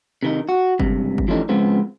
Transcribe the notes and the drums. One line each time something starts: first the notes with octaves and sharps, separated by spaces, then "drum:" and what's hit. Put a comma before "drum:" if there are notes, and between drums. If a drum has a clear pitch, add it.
C3 D#3 D#4
F#4
C#2 G2 C3, drum: kick G1
drum: kick G1
E3 F3 G3 A3 C#4 D#4
C#3 F3 G#3 B3 C4